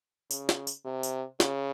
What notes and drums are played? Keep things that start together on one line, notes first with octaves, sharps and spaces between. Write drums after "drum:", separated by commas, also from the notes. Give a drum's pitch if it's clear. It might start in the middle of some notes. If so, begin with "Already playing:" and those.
C#3, drum: tambourine
drum: snare
drum: tambourine
C3
drum: tambourine
C#3, drum: snare